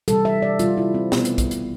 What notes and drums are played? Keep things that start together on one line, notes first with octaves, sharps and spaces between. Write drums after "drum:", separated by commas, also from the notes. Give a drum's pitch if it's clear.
C3 E3 G3 A4, drum: hi-hat
E5
D5
C3 E3 G3 F4, drum: hi-hat
E4
C4
B2 A3 B3, drum: snare
drum: hi-hat
drum: kick, hi-hat
drum: hi-hat